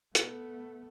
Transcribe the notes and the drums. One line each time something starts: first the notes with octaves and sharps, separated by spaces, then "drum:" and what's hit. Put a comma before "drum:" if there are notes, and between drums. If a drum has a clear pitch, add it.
A3 B3, drum: hi-hat